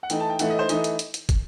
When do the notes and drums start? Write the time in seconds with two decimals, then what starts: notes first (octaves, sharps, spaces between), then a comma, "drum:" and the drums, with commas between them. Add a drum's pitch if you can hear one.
0.03 F#5
0.10 E3 A3 D#4 G5, drum: hi-hat
0.20 A5
0.30 G5
0.39 E3 A3 D#4 F#5, drum: hi-hat
0.50 D#5
0.59 C5
0.69 E3 A3 D#4 D#5, drum: hi-hat
0.84 drum: hi-hat
0.99 drum: hi-hat
1.14 drum: hi-hat
1.29 drum: kick, hi-hat